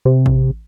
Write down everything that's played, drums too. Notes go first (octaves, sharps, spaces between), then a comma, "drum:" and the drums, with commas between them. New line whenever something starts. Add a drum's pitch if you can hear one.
C3
drum: kick A1